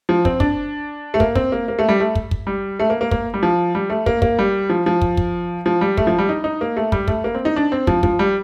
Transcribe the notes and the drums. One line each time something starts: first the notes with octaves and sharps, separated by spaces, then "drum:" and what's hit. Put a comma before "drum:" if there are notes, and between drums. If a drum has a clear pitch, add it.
F3
C4, drum: kick
D4, drum: kick
A3
A#3, drum: kick
C4, drum: kick
A#3
A#3
A3
G3
A3
drum: kick
drum: kick
G3
A3
A#3
A#3
A#3, drum: kick
G3
F3
G3
A3
A#3, drum: kick
A#3, drum: kick
G3
F3
F3
drum: kick
drum: kick
F3
G3
A3, drum: kick
F3
G3
D#4
D#4
A#3
A3
G3, drum: kick
A3, drum: kick
A#3
C4
D#4
D4
C4
F3, drum: kick
F3, drum: kick
G3